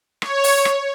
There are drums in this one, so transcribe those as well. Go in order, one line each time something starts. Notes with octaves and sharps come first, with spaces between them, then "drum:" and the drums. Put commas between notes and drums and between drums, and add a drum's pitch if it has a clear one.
C#5, drum: rim click
drum: open hi-hat
drum: rim click